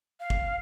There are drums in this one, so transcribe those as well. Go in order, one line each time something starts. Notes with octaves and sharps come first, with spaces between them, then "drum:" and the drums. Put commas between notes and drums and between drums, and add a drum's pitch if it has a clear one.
F5
drum: kick